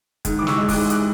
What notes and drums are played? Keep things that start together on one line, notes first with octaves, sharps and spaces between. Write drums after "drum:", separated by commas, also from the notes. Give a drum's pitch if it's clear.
G#2, drum: kick, hi-hat
D6
E3
C#6 E6, drum: snare
G#3
D6 F#6, drum: kick, open hi-hat
G#2
D6 F#6, drum: hi-hat